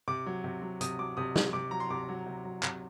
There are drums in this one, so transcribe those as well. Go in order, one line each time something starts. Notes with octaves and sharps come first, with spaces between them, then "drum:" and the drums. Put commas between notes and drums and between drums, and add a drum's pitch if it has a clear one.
C3 D6
F#3
C3
F#3
C3 D#6, drum: hi-hat
F#3 D6
C3 D#6
F#3, drum: snare
C3 D6
F#3 A#5
C6
C3 D6
F#3
C3
F#3
C3, drum: clap